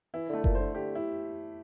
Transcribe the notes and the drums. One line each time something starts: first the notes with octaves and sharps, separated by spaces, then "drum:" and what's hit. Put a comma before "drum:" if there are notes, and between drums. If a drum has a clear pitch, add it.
E3 E4
D3 A3
A#2, drum: kick F#1
C5
D3
D3 G4
E4